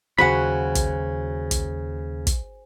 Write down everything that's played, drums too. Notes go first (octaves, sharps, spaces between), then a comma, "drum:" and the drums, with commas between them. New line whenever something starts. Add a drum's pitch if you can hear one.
D#2 C#3 F#3 F#4 C5 F#5 G#5 B5
drum: kick, hi-hat
drum: kick, hi-hat
drum: kick, hi-hat